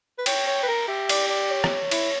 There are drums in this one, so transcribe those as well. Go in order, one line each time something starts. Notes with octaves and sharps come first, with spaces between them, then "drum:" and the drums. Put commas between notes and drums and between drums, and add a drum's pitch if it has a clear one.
B4
C#5 G5, drum: cymbal
C#5
B4
A#4
G4 E5
D5, drum: cymbal
D5
C#5
drum: rim click
E4, drum: cymbal